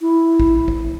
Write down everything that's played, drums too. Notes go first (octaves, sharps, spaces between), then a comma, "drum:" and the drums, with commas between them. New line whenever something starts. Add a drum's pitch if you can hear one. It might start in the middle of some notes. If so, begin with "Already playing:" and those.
E4
drum: kick
drum: kick